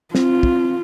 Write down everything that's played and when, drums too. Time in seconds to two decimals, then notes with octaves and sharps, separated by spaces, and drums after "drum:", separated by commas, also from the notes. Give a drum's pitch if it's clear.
0.15 C4 F4, drum: snare
0.43 drum: kick